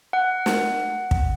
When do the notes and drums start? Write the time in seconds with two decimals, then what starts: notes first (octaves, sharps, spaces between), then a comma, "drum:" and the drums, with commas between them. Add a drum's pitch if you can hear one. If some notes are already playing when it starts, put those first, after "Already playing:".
0.13 F#5
0.46 drum: snare
1.11 drum: kick